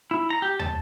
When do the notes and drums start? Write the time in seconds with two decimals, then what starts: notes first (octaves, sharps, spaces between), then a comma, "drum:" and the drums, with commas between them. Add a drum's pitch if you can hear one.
0.11 E4
0.30 A#5
0.42 G4
0.59 A5, drum: tom